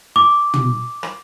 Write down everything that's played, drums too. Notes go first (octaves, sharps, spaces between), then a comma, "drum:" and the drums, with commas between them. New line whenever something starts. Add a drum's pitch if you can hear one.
D6
drum: tom
drum: rim click